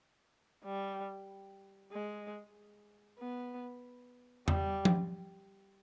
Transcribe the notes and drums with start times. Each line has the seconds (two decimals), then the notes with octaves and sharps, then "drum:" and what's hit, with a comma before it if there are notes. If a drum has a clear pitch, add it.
0.64 G3
1.92 G#3
3.19 B3
4.48 G3, drum: tom E2
4.85 drum: tom F3